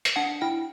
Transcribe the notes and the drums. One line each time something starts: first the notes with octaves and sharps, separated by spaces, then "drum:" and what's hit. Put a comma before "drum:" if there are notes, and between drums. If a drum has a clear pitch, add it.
drum: hi-hat
D4 F#5
E4 G5